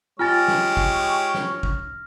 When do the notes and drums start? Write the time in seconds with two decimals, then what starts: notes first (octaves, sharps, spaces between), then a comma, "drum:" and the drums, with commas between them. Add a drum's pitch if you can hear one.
0.19 G#3 F4 G4 C#5 G#5 F6 A6 A#6
0.48 drum: snare
0.77 drum: kick
1.34 drum: snare
1.63 drum: kick